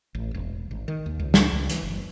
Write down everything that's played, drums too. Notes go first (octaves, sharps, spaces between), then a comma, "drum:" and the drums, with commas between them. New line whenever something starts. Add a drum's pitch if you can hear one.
A1
E1
G#1
D#3
D#2
C#2
drum: snare
C#2
E3, drum: hi-hat
F#1